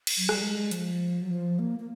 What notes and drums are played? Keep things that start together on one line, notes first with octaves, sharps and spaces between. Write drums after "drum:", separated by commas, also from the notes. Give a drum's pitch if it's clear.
drum: cymbal
F#3
G3, drum: rim click
G#3
F3, drum: hi-hat
F#3
F3
A#3
A#3